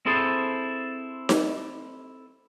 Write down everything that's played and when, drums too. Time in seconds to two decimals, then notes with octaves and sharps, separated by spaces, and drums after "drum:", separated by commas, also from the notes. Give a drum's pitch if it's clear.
0.06 C4 E4 G#4 A4 C5
1.29 drum: snare D#4